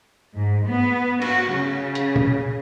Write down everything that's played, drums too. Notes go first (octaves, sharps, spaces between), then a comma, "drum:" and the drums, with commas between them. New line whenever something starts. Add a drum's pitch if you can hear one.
G#2
B3
F#4, drum: cymbal
C#3
drum: hi-hat
drum: tom A#2